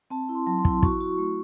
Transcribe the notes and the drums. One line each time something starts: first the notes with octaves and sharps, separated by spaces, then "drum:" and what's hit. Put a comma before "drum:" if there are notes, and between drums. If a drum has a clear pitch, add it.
C4 A5
E4
C6
F#3 A5
C6
E4, drum: kick
F#4 C#6, drum: kick
F#4
A3